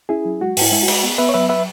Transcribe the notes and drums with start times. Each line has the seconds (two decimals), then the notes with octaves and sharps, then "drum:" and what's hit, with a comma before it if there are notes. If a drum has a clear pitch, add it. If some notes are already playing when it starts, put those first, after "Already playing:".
0.09 C#4 E4 G#4
0.25 F#3
0.41 G#3 F#4
0.57 G#2 E4, drum: open hi-hat
0.72 G#3 E4
0.83 F#4
0.88 G#3, drum: cymbal
1.03 B3
1.18 B3 B4 E5
1.29 C#5
1.34 F#3 B4 E5
1.49 B4 E5